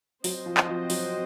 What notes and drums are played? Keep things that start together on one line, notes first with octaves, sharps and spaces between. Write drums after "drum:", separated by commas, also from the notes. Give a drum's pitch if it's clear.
F#3 C4 F#4 C5 D#5, drum: open hi-hat
F3
drum: clap
F3
F#3, drum: open hi-hat